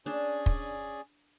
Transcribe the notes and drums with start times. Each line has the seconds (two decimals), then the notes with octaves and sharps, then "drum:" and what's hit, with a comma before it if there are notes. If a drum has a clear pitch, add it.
0.06 C#4 D4 G#4 D5 G#5
0.46 drum: kick